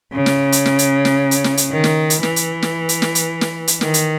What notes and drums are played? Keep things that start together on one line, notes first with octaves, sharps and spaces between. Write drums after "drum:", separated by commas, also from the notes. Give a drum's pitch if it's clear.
C#3
drum: snare
drum: hi-hat
drum: snare
drum: hi-hat
drum: snare
drum: hi-hat
drum: snare
drum: hi-hat
D#3
drum: snare
drum: hi-hat
E3, drum: snare
drum: hi-hat
drum: snare
drum: hi-hat
drum: snare
drum: hi-hat
drum: snare
drum: hi-hat
D#3, drum: snare
drum: hi-hat